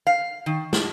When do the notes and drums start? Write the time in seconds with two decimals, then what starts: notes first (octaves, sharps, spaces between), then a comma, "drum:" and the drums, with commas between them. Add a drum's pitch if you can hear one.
0.07 F5
0.46 D#3
0.73 A5, drum: snare